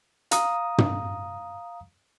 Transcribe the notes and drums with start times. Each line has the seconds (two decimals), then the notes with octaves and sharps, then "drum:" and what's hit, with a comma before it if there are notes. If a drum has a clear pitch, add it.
0.31 F5 A#5 D#6, drum: hi-hat
0.78 drum: tom